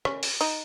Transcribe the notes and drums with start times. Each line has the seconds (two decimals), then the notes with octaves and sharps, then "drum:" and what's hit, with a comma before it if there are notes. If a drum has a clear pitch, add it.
0.05 C#4, drum: rim click
0.23 drum: open hi-hat
0.41 D#4, drum: open hi-hat